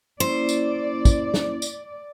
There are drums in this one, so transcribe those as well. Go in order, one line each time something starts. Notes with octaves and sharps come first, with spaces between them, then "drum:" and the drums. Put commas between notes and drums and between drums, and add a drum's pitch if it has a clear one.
A#3 C#4 E4 C5 D5
drum: tambourine
drum: kick, tambourine
drum: snare
drum: tambourine